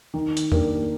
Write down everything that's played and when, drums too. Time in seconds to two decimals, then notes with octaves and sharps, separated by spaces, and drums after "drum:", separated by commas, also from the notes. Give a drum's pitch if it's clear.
0.14 D#3
0.37 drum: hi-hat
0.52 A#3 D4 G4 A#4, drum: tom